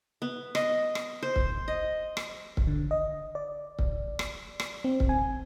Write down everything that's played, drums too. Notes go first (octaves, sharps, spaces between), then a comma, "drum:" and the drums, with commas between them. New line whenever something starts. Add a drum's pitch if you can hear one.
B3
D#5, drum: rim click
drum: rim click
C5
drum: kick C#1
D#5
drum: rim click
drum: kick C#1
D3
D#5
D5
drum: kick C#1
drum: rim click
drum: rim click
C4
drum: kick C#1
G#5